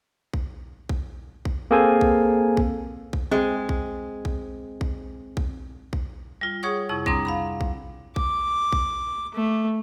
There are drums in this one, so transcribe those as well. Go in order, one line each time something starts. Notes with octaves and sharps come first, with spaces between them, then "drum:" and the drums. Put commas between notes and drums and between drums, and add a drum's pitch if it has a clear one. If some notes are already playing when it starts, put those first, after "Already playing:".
drum: kick A#1
drum: kick A#1
drum: kick A#1
A#3 C4 G#4 A4 C5 G#5
drum: kick A#1
drum: kick A#1
drum: kick A#1
G#3 C4
drum: kick A#1
drum: kick A#1
drum: kick A#1
drum: kick A#1
drum: kick A#1
G3 F4
G#4 C#5 F#5 C#6 D#6
F2 C3 E4 C#6
G3 C4 D4 A#5 C6 D#6, drum: kick A#1
F5 F#5 B5
drum: kick A#1
D6, drum: kick A#1
drum: kick A#1
A3